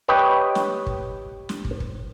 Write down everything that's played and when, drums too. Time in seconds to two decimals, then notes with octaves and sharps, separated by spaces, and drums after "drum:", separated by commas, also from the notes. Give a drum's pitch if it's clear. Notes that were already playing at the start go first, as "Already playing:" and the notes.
0.08 G4 B4 C#5 D#5 G5
0.55 drum: snare
0.86 drum: kick
1.49 drum: snare
1.65 drum: kick
1.80 drum: kick